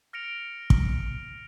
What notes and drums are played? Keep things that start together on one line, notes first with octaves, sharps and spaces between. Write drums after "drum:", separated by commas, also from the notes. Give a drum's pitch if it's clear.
F6 A#6 C#7 D7 F7
drum: kick